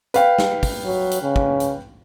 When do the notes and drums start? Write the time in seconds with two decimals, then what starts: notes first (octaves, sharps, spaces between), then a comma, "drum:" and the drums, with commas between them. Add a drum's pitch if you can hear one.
0.14 B4 F5 G5, drum: hi-hat
0.38 drum: snare
0.63 drum: kick, open hi-hat
0.85 F#3
1.11 drum: hi-hat
1.22 C#3
1.36 drum: kick
1.60 drum: hi-hat